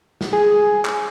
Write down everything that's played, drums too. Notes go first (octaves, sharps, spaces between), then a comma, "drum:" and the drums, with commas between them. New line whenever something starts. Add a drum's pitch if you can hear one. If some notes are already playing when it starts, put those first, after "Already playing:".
drum: snare
G#4
drum: clap